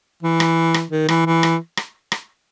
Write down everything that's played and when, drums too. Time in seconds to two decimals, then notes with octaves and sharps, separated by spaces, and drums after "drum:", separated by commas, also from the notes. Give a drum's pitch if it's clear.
0.23 E3
0.40 drum: rim click
0.74 drum: rim click
0.91 D#3
1.08 E3, drum: rim click
1.26 E3
1.43 drum: rim click
1.77 drum: rim click
2.12 drum: rim click